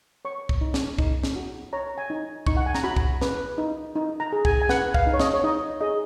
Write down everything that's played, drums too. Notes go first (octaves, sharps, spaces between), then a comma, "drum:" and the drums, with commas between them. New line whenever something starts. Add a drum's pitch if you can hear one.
C#5 C#6
drum: kick
D#4
drum: snare
D#4, drum: kick
drum: snare
F#4
C#5 A#5
G#5
D#4
D#4 C#6, drum: kick
F#5
G#5
A#5, drum: snare
F#4 B5
drum: kick
B4, drum: snare
D#4
D#4
A#5
G#4
G#5, drum: kick
G#5
B4 F#5, drum: snare
F5, drum: kick
D#4
C#5
D#5, drum: snare
C#5
D#4 D#5
G#4 D#5